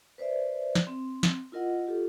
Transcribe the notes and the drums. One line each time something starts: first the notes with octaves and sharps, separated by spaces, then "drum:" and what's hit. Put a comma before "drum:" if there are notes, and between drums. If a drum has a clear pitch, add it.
B4 C5 D5 E5
drum: snare
C4
drum: snare
E4 F4 A#4 D#5 F#5
F4 G4 A4